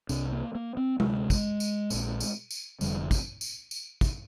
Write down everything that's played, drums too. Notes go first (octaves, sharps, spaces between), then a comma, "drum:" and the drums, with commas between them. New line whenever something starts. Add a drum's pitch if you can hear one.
C2 C3 D4, drum: tambourine
A#3
A#3
C4
D2 C3 G#3, drum: tom G#3
drum: kick, tambourine
drum: tambourine
A#1 A#2, drum: tambourine
drum: tambourine
drum: tambourine
F1 F2 D3 G3, drum: tambourine
drum: kick, tambourine
drum: tambourine
drum: tambourine
drum: kick, tambourine